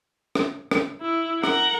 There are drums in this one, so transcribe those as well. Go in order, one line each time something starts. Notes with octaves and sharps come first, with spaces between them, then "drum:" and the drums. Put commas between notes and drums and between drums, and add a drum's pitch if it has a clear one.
drum: rim click
drum: rim click
E4
A#4 F#5, drum: rim click